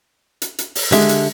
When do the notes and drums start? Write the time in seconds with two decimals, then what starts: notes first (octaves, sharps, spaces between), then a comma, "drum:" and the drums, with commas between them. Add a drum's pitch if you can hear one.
0.42 drum: hi-hat
0.59 drum: hi-hat
0.75 drum: open hi-hat
0.92 D3 G#3 G4 E5, drum: hi-hat
1.09 drum: hi-hat